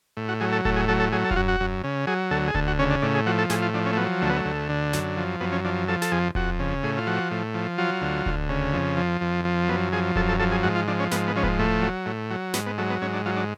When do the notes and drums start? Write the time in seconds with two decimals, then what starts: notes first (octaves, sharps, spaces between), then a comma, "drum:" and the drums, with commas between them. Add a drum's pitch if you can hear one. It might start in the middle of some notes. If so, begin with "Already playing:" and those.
0.17 A2
0.29 F#4
0.40 F#3 G#4
0.52 A4
0.65 A2 A4, drum: kick D#1
0.76 G#4
0.88 F#3 A4
1.00 A4
1.12 F#3 G#4
1.25 A4
1.31 F4, drum: kick D#1
1.36 F#2 F#4
1.48 F#4
1.60 F#2
1.84 C#3
2.07 F#3 G#4
2.31 D2 A4
2.48 G#4
2.54 D2 A4, drum: kick D#1
2.68 F#4
2.79 C#3 C#4
2.90 D4
3.02 A2 D4
3.15 G#4
3.26 F3 F#4
3.38 A4
3.50 A2 G#4, drum: snare
3.62 F4
3.74 F3 D4
3.86 C#4
3.92 A3
3.97 F#3 B3
4.22 D2 A3
4.30 B3
4.37 A3
4.45 D2
4.69 D3
4.93 F#2, drum: snare
5.17 F3
5.40 F#2 B3
5.52 C#4
5.64 F3 D4
5.88 F3 A4
6.02 A4, drum: snare
6.12 F2 G#4
6.35 F2 F#4, drum: kick D#1
6.60 C#3
6.83 A2 G#4
6.97 F4
7.07 F3 F#4
7.31 A2
7.54 F3
7.78 F#3 F4
8.02 D2
8.26 D2, drum: kick D#1
8.49 C#3
8.73 F2
8.97 F3
9.21 F2
9.45 F3
9.68 F#2 B3
9.93 F3 G#4
10.16 F#2 A4, drum: kick D#1
10.28 A4
10.40 F3 A4
10.52 G#4
10.63 G#2 F#4
10.76 F4
10.88 F3 D4
11.00 C#4
11.11 G#2 B3, drum: snare
11.28 B3
11.36 F3 C#4
11.43 B3, drum: kick D#1
11.59 A2 A3
11.82 F#3
12.06 A2
12.30 F#3
12.54 G#2 B3, drum: snare
12.66 B3
12.78 F#3 A3
12.90 B3
13.02 G#2 C#4
13.13 D4
13.26 F#3 F4
13.37 D4